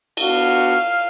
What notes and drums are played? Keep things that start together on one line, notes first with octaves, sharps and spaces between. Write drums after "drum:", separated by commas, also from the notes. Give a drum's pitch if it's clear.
B3 D4 F#4 F5, drum: cymbal